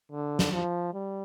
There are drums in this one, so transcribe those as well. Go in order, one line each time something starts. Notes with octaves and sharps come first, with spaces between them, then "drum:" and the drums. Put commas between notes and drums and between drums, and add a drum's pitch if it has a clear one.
D3
drum: snare
F3
G3